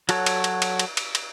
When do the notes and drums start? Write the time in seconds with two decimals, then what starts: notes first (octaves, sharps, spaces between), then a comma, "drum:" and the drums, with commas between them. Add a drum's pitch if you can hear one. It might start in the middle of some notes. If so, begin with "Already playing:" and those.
0.09 F#3 F#4 A4 C#5, drum: cymbal
0.26 drum: cymbal
0.44 drum: cymbal
0.62 drum: cymbal
0.79 drum: cymbal
0.97 drum: cymbal
1.15 drum: cymbal